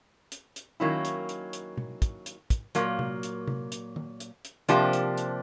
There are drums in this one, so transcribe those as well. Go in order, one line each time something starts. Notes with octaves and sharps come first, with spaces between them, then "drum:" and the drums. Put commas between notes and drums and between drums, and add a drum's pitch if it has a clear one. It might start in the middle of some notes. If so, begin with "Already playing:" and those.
drum: hi-hat
drum: hi-hat
D#3 F#3 A#3 C#4 E4
drum: hi-hat
drum: hi-hat
drum: hi-hat
drum: tom B2
drum: kick, hi-hat
drum: hi-hat
drum: kick, hi-hat
A#2 F#3 A#3, drum: hi-hat
drum: tom C3
drum: hi-hat
drum: tom C3
drum: hi-hat
drum: tom
drum: hi-hat
drum: hi-hat
C3 F3 A#3 D4 G4, drum: hi-hat
drum: hi-hat
drum: hi-hat